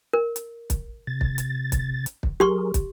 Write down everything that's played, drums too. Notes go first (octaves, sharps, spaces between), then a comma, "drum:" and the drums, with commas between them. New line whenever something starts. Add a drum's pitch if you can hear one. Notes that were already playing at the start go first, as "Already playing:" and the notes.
A#4
drum: hi-hat
drum: kick, hi-hat
C3 A6
drum: kick
drum: hi-hat
drum: kick, hi-hat
drum: hi-hat
drum: kick
F#3 G4 G#4 A#4 C6 C#6
drum: kick, hi-hat